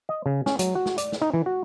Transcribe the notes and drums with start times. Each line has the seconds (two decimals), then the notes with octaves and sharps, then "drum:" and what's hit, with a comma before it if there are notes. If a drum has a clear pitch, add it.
0.09 D#5
0.26 C#3
0.46 C#4, drum: snare
0.59 F#3, drum: hi-hat
0.75 F#4
0.86 drum: snare
0.98 D5, drum: hi-hat
1.12 drum: snare
1.21 D#4
1.34 E3
1.46 F#4